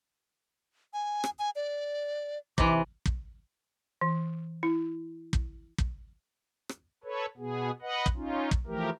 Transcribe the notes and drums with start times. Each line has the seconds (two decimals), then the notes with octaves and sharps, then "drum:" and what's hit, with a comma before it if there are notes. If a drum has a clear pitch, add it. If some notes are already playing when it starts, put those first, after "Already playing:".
0.93 G#5
1.24 drum: rim click
1.39 G#5
1.56 D5
2.58 C3 E3 D6, drum: kick
3.06 drum: kick
4.01 E3
4.63 E4
5.33 drum: kick
5.78 drum: kick
6.69 drum: rim click
7.04 A4 B4 C#5
7.38 B2 B3 G#4
7.82 B4 D#5 F#5
8.06 drum: kick
8.16 C#4 D#4 F4
8.51 drum: kick
8.67 E3 F3 A3 G4 A#4